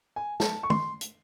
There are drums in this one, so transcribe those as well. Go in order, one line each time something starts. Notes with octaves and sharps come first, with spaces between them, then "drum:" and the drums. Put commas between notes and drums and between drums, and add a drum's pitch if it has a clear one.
G#5
A5, drum: snare
C#6
C6, drum: tom
drum: hi-hat